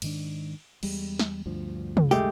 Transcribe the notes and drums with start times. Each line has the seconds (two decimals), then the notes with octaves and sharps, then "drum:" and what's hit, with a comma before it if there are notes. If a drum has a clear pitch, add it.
0.02 G#2 D#3 D4, drum: cymbal
0.83 E2 G3 G#3, drum: cymbal
1.19 drum: snare
1.46 D2 G2 F3
1.97 drum: tom
2.11 G#3 A3 G4, drum: tambourine